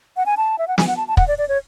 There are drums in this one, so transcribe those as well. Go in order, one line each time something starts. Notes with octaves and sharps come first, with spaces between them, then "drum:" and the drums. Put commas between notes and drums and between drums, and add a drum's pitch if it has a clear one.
F#5
G#5
A5
E5
F#5
G#5, drum: snare
F#5
A5
A5
F#5, drum: kick
D5
D5
C#5